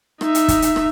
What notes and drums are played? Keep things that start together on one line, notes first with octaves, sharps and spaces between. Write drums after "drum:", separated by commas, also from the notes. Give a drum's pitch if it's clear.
D#4 E5, drum: rim click
drum: hi-hat
drum: kick, hi-hat
drum: hi-hat
drum: rim click